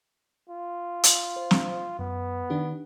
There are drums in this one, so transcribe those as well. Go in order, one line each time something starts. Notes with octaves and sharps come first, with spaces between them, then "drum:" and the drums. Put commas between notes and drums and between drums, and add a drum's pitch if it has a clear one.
F4
drum: hi-hat
C5
drum: snare
F#2 B3
D#3 D4 G4